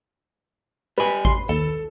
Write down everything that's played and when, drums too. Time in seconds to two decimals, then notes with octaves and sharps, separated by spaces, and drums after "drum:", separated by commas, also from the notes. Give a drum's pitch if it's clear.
0.98 G3 B4 G#5 B5
1.25 C6, drum: kick G#1
1.49 D#2 A4